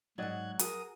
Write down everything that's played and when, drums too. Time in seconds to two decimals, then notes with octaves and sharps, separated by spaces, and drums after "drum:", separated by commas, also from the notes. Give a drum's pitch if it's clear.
0.18 G#2 F#3 D#4 D5 D#5 F#5 F#6 G#6
0.59 F#4 G#4 A#4 D#6, drum: hi-hat